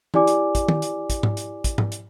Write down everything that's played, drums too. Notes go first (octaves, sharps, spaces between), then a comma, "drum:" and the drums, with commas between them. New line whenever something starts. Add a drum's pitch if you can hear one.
E4 G4 D5 G#5 D6, drum: tom E3
drum: hi-hat
drum: kick, hi-hat
drum: tom
drum: hi-hat
drum: kick, hi-hat
drum: tom G#2
drum: hi-hat
drum: kick, hi-hat
drum: tom G#2
drum: hi-hat